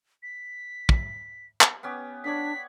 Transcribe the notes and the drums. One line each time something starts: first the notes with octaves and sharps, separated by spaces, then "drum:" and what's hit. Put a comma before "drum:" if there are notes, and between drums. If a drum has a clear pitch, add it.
B6
drum: kick
drum: clap
B3 C#4 G4
D4 C#5 D5 F#5 B6